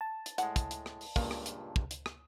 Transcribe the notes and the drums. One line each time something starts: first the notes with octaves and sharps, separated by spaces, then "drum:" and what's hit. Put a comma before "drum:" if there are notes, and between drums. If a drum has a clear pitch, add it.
A5
drum: hi-hat
A2 G#3 F#5, drum: hi-hat
drum: kick, hi-hat
drum: hi-hat
drum: rim click
drum: open hi-hat
C#2 G2 A#2 A#3, drum: kick, open hi-hat
drum: rim click
drum: hi-hat
drum: kick
drum: hi-hat
drum: rim click